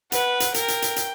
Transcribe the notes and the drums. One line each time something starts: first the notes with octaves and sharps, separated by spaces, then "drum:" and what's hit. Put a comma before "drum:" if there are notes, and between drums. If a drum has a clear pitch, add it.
B4 F#5, drum: hi-hat
drum: hi-hat
A#4 G5, drum: hi-hat
drum: hi-hat
drum: hi-hat
drum: hi-hat